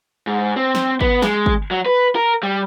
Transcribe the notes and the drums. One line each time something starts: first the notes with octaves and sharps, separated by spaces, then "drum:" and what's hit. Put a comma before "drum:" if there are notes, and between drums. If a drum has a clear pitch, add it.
G#2
C4
drum: snare
B3, drum: kick
G#3, drum: snare
drum: kick
F#3
B4
A#4
G3